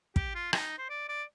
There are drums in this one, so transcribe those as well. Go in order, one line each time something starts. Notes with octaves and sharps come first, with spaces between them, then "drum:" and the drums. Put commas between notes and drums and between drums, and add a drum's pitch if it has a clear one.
G4, drum: kick
F4
D#4, drum: rim click
C5
D5
D5